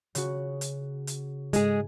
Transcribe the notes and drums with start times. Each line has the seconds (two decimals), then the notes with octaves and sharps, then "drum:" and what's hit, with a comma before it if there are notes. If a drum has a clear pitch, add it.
0.15 C#3 F#4, drum: hi-hat
0.61 drum: hi-hat
1.07 drum: hi-hat
1.53 G#2 G#3 G#4 G#5, drum: hi-hat